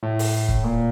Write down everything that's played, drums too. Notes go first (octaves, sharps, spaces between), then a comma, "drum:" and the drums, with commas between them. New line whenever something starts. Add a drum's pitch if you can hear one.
A2
drum: open hi-hat
drum: kick
A#2